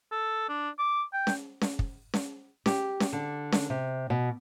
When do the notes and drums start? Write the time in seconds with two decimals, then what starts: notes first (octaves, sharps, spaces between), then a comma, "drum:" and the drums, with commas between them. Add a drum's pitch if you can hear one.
0.12 A4
0.49 D4
0.79 D6
1.13 G5
1.27 drum: snare C#4
1.62 drum: snare C#4
1.79 drum: kick
2.14 drum: snare C#4
2.66 G4, drum: snare C#4
3.00 drum: snare C#4
3.13 D3
3.53 drum: snare C#4
3.70 C3
4.10 B2